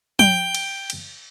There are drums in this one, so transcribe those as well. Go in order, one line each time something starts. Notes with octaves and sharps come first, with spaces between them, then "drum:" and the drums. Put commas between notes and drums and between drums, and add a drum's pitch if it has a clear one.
G5, drum: tom
drum: cymbal
drum: cymbal